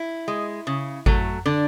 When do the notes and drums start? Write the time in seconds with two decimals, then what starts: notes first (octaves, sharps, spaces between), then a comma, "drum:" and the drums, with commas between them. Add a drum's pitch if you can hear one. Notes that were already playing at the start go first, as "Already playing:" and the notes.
Already playing: E4
0.28 G#3
0.67 C#3
1.06 F#3 A3, drum: kick G#1
1.46 D3 D4